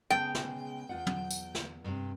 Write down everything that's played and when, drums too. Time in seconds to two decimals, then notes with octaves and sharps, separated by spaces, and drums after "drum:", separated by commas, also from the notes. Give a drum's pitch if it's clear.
0.10 C#3 G#3 B3 G5
0.34 drum: snare
0.89 E2 F4 F#5
1.07 drum: tom
1.31 drum: tambourine
1.55 drum: snare
1.84 G2 C3